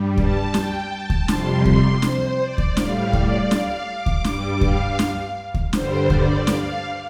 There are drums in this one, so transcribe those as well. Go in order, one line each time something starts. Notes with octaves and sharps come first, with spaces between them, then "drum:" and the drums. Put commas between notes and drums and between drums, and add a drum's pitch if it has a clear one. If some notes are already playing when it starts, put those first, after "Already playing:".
Already playing: G2 G3
A5, drum: kick D2
G5, drum: snare
A5
drum: kick D2
F2 C3 G3 C6, drum: snare
C6, drum: kick D2
C5, drum: snare
D5
drum: kick D2
A2 G3 F5, drum: snare
D5, drum: kick D2
F5, drum: snare
D6
drum: kick D2
G2 G3, drum: snare
F5, drum: kick D2
drum: snare
drum: kick D2
G2 D3 G3 C5, drum: snare
D5, drum: kick D2
F5, drum: snare